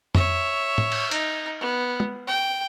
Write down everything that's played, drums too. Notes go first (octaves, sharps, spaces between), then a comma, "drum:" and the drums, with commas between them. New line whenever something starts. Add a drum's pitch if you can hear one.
C#5 E5, drum: tom F2
drum: tom A2
drum: cymbal
D#4, drum: hi-hat
B3
drum: tom
G5